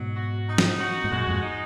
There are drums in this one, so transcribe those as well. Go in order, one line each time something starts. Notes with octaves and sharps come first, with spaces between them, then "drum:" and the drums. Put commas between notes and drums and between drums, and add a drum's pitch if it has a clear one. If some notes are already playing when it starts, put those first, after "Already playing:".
Already playing: G#2 B2 F#3
F#4
D#4
drum: snare
F#4
G#2
F#2 A#2 G#3
F2 G#2
D#4